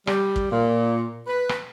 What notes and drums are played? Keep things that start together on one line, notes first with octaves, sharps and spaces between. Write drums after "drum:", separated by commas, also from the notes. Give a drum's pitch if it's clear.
G3, drum: rim click
drum: kick
A#2
B4
drum: rim click